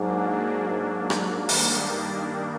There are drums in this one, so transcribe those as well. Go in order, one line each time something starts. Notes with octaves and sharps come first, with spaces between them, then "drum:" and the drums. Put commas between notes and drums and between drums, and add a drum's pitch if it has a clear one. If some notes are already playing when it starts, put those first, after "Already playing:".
Already playing: G#2 F#3 A#3 D4
G#2
G#2, drum: rim click
G#2 D#3 G3 A#3 D4, drum: open hi-hat
G2
G2